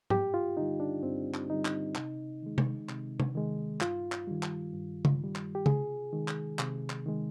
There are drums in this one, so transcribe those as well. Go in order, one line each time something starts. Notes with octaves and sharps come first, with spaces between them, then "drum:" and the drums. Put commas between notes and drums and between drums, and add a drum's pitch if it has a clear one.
G2 G4, drum: tom G#2
F4
D3 G3 D#4
D4
G2 C4
drum: clap
D3 G3 D#4
drum: clap
C3, drum: clap
D#3 G#3
drum: tom C3
C3, drum: clap
drum: tom C3
D#3 G#3
G2 F4, drum: clap
drum: clap
D#3 G3
drum: clap
G2
drum: tom C#3
D#3 G3
drum: clap
G4
C3 G#4, drum: tom C#3
D#3 G#3
drum: clap
C3, drum: clap
drum: clap
D#3 G#3